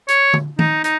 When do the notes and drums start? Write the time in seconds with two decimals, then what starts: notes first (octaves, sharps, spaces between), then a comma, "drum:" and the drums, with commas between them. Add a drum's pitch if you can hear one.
0.08 C#5, drum: hi-hat
0.33 drum: tom D3
0.59 D#4, drum: tom D#3
0.84 D#4, drum: hi-hat